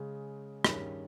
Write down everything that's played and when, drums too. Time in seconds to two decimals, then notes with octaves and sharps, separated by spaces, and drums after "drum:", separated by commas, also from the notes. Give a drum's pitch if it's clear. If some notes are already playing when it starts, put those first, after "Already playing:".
Already playing: C#3 G#3 C#4 G#4
0.64 G2 D#3 G3 C#4 G#4, drum: rim click